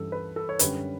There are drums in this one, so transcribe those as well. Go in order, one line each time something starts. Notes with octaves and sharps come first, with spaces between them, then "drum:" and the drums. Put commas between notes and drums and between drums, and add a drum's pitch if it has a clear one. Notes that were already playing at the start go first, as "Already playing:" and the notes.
Already playing: G2 E3 G3 C#4 A4
B4
A4
C#5
F#2 D3 G3 C#4 B4, drum: hi-hat